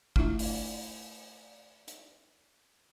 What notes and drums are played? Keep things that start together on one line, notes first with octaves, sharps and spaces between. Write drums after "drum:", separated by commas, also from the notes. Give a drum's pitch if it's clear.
A3 D4 E4 F4 E5, drum: kick
drum: open hi-hat
drum: hi-hat